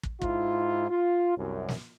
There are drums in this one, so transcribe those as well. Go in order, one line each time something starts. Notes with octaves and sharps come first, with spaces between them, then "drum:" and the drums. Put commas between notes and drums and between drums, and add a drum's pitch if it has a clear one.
drum: kick
G#2 E4 F4, drum: kick
F4
C2 F#2
drum: snare